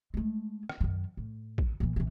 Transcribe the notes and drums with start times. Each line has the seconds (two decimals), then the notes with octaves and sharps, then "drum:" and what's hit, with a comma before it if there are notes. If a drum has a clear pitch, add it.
0.14 G#3 A3
0.69 drum: rim click
0.81 F#2 D#3
1.17 A2
1.58 drum: kick
1.80 A#2 E3
1.96 A#1 E3